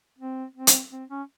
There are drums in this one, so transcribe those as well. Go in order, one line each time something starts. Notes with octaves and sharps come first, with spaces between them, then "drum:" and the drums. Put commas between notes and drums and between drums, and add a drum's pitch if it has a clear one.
C4
C4
drum: hi-hat
C4
C#4